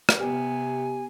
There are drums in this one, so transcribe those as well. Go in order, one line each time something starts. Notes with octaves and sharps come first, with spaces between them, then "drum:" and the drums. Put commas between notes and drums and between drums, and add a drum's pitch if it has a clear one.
drum: rim click
C3 B3 G4 G#5